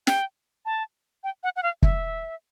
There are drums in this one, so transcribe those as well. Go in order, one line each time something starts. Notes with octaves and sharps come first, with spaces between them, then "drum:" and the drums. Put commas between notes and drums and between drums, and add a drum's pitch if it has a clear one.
G5, drum: snare
A5
G5
F#5
F#5
F5
E5, drum: kick